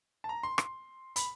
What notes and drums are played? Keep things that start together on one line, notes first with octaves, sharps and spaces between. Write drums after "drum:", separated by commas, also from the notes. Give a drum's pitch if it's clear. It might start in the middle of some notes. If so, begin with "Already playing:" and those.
A5
A#5
C6
C6, drum: rim click
B5, drum: hi-hat